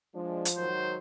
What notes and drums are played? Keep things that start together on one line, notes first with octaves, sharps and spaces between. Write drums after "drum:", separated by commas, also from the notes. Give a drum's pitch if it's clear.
F3 G#3 D4
drum: hi-hat
G#2 D#3 F#3 C5